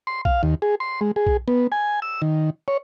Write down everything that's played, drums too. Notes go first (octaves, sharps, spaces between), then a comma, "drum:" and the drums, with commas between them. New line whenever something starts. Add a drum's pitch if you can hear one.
C6
F5, drum: kick B1
D#2
G#4
C6
G#3
G#4
drum: kick B1
B3
G#5
E6
D#3
C#5